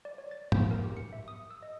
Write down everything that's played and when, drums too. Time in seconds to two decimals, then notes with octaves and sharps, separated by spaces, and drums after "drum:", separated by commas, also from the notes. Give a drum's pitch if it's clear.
0.05 D5
0.18 C#5
0.31 A6
0.52 G6, drum: tom
0.71 A#4
0.83 G4
0.97 C#7
1.13 E5
1.28 D#6
1.51 E6
1.63 D#5